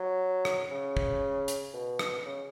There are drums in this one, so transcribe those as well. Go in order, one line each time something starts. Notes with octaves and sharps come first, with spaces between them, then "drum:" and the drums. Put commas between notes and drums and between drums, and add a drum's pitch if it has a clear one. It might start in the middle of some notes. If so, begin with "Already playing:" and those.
Already playing: F#3
drum: rim click
C#3
drum: kick
drum: hi-hat
B2
drum: rim click
C#3